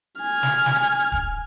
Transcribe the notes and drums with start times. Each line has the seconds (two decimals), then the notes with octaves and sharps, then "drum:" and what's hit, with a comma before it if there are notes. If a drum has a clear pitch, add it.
0.20 G#5 F6
0.43 drum: snare
0.66 drum: snare
1.12 drum: kick D1